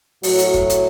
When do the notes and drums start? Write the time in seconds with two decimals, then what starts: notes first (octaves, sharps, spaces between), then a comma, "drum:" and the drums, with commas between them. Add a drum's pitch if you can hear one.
0.23 A2 F#3 F#4, drum: open hi-hat
0.39 drum: hi-hat
0.54 drum: kick
0.70 drum: hi-hat